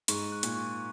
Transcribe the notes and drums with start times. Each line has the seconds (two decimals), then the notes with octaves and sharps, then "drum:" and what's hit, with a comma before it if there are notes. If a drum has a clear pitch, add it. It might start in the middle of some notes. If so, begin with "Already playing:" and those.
0.08 G#2 C#6, drum: hi-hat
0.32 F#6
0.43 A#2, drum: hi-hat
0.55 C#6